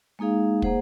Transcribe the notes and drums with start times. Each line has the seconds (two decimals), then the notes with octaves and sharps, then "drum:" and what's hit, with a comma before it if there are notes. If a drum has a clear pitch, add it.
0.19 G#3 A#3 D#4 G#4 F5
0.62 A#3 G#4 C5 F#5, drum: kick